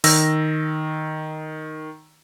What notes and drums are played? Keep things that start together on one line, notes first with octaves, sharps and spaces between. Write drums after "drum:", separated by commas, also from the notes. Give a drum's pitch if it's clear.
D#3 E6 A#6, drum: open hi-hat